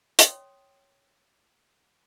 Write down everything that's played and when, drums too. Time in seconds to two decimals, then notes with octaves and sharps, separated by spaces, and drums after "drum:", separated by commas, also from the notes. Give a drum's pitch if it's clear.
0.19 C#5 G5 C6 D#6, drum: hi-hat